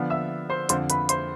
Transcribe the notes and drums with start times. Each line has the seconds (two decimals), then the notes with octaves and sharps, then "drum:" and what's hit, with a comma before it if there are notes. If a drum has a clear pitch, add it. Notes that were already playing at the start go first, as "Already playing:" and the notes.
Already playing: D3 F3 B3 D4
0.10 E5 E6
0.50 C5 C6
0.69 F2 D3 F3 C5 C6, drum: hi-hat
0.90 B4 B5, drum: hi-hat
1.09 C5 C6, drum: hi-hat